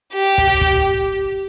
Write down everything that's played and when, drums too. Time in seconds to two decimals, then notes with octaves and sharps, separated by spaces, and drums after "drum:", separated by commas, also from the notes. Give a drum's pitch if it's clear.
0.15 G4
0.38 drum: kick
0.61 drum: kick